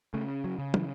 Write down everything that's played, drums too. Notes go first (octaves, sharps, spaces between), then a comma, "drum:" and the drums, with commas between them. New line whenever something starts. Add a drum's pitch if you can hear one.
C#3 A3
F#3
C#3
E3, drum: tom